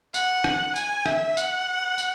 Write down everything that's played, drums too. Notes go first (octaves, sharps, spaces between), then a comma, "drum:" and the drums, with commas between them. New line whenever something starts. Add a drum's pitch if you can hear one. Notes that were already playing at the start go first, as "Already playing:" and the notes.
F#5, drum: tambourine
drum: rim click
G#5, drum: tambourine
E5, drum: rim click
F#5, drum: tambourine
drum: tambourine